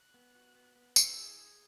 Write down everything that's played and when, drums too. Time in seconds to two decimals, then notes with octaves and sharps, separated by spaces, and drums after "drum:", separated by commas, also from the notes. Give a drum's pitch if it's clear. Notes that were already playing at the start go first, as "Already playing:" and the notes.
Already playing: F#6
0.14 B3
0.35 F#4
0.55 B3
0.76 B3
0.96 E4 E6, drum: tambourine
1.17 G#4
1.38 G#4